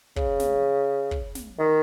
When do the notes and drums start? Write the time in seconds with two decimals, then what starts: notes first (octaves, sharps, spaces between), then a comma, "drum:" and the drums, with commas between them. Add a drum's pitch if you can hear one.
0.16 C#3, drum: kick
0.40 drum: snare
1.11 drum: kick
1.35 drum: snare
1.59 D#3